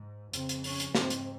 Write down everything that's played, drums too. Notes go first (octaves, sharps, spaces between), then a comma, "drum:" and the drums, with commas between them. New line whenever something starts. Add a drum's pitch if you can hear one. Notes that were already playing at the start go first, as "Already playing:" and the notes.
Already playing: G#2
F2 C#3 C4, drum: hi-hat
drum: hi-hat
C#4, drum: open hi-hat
drum: hi-hat
G#2 C4, drum: snare
drum: hi-hat